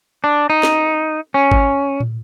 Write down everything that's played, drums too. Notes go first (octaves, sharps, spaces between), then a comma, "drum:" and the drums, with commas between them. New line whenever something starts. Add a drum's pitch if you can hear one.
D4
D#4
drum: snare
C#4
drum: kick
drum: tom